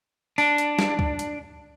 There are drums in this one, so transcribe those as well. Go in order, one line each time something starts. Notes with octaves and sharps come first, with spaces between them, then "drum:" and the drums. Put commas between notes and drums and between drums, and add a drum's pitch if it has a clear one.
D4, drum: open hi-hat
drum: hi-hat
drum: snare
drum: kick C#2
drum: hi-hat